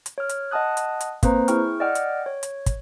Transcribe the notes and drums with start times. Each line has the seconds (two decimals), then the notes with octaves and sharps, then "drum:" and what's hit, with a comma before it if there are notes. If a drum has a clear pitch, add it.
0.06 drum: hi-hat
0.18 C#5 F6
0.29 drum: hi-hat
0.51 D#5 F#5 A5 D#6 F#6
0.77 drum: hi-hat
1.01 drum: hi-hat
1.23 A#3 C4 B4 C5 A#5, drum: kick, hi-hat
1.48 E4 G#4 G5 C#6 F6, drum: hi-hat
1.80 D5 D#5 F#5 G5 F6
1.95 drum: hi-hat
2.26 C#5
2.43 drum: hi-hat
2.66 drum: kick, hi-hat